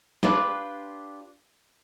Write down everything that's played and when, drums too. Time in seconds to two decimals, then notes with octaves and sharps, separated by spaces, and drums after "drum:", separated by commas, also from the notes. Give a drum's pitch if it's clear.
0.23 D4 F4 G4 B4, drum: snare